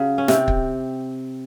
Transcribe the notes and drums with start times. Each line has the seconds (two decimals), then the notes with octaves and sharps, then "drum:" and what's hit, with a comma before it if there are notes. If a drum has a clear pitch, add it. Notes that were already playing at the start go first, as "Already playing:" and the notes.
Already playing: C#3 F#3
0.18 C#4
0.28 C3 C4, drum: snare
0.48 drum: kick